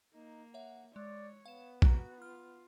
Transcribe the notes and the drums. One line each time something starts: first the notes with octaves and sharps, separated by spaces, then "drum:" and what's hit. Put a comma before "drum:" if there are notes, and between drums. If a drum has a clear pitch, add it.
A#3 D#4
C#5 E5 F#5
G#3 C#5 D5
B3 F5 E7
F#4 A#5 F#6, drum: kick
F4 F6